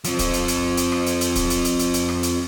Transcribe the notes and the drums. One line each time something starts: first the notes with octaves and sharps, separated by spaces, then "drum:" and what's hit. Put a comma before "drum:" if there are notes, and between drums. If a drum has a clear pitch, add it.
F3 C4, drum: hi-hat
drum: kick, hi-hat
drum: hi-hat
drum: hi-hat
drum: hi-hat
drum: rim click
drum: hi-hat
drum: hi-hat
drum: kick, hi-hat
drum: hi-hat
drum: hi-hat
drum: hi-hat
drum: hi-hat
drum: rim click
drum: hi-hat